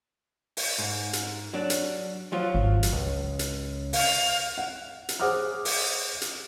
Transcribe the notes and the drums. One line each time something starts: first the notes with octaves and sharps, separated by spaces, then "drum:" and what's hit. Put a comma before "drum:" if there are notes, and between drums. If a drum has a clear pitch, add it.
drum: open hi-hat
G#2
drum: hi-hat
F#3 D4
drum: hi-hat
F3 F#3 F4
G#1
drum: hi-hat
C#2
drum: hi-hat
F5, drum: open hi-hat
F#5
drum: hi-hat
G#4 C5 F#5 D6 D#6 F6
drum: open hi-hat
drum: hi-hat